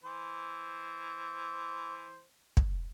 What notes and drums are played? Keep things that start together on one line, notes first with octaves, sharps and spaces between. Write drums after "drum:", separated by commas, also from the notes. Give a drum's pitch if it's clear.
E3 C5
drum: kick